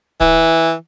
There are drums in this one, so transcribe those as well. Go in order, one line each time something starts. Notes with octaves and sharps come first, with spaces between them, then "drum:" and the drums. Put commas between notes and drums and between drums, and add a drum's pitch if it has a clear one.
E3, drum: kick D1